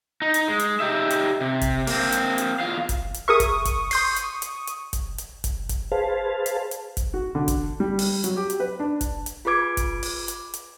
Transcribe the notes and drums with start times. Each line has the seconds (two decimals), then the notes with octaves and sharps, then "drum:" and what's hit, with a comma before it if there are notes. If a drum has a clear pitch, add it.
0.22 D#4
0.34 drum: hi-hat
0.48 G#3
0.60 drum: hi-hat
0.80 D#4 G4 E5
1.10 drum: hi-hat
1.41 C3
1.61 drum: kick, hi-hat
1.87 A#3 C4, drum: open hi-hat
2.12 drum: hi-hat
2.38 drum: hi-hat
2.60 E2 F4 F5
2.89 drum: kick, hi-hat
3.14 drum: hi-hat
3.28 G#4 A#4 E5 C#6 D#6
3.40 drum: kick, hi-hat
3.65 drum: kick, hi-hat
3.91 C6 G6 C7, drum: open hi-hat
4.16 drum: hi-hat
4.42 drum: hi-hat
4.67 drum: hi-hat
4.93 drum: kick, hi-hat
5.18 drum: hi-hat
5.44 drum: kick, hi-hat
5.69 drum: kick, hi-hat
5.92 G#4 B4 C5 F5 A5
6.46 drum: hi-hat
6.71 drum: hi-hat
6.97 drum: kick, hi-hat
7.14 F#4
7.35 D3
7.48 drum: kick, hi-hat
7.80 G3
7.99 drum: open hi-hat
8.24 F#3, drum: hi-hat
8.37 G4
8.50 drum: hi-hat
8.60 B4
8.80 D4
9.01 drum: kick, hi-hat
9.26 drum: hi-hat
9.45 F4 G#4 B4 D6 G#6 D7
9.77 drum: kick, hi-hat
10.03 drum: open hi-hat
10.28 drum: hi-hat
10.54 drum: hi-hat